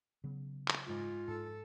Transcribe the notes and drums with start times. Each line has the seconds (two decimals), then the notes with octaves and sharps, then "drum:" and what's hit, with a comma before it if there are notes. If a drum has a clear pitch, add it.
0.24 C#3 F#3 B3
0.68 drum: clap
0.87 G#2 F4
1.28 G#2 A4